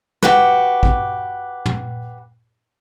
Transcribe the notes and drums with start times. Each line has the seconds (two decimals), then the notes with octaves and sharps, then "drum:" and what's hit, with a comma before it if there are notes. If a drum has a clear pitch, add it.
0.23 F#4 G4 B4, drum: snare
0.83 drum: kick
1.66 drum: tom